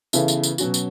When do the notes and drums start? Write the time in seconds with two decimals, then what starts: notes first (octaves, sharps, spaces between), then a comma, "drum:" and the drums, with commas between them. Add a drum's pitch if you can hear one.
0.13 C#3 E3 B3 E4 A4, drum: tambourine
0.28 drum: tambourine
0.43 drum: tambourine
0.58 B2 F#3 C#4 F#4, drum: tambourine
0.74 drum: tambourine